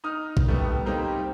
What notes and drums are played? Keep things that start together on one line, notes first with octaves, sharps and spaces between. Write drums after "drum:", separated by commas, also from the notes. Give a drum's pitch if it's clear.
D#4 D#6 F6
drum: kick
D#3 G3 A3 B3
G3 A#3 C4 D#4 G4